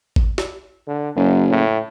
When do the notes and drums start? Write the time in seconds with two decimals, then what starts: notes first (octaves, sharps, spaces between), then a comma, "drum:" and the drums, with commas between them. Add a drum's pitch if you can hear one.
0.16 drum: kick G#1
0.38 drum: snare
0.88 D3
1.16 F#1 F#2
1.50 A2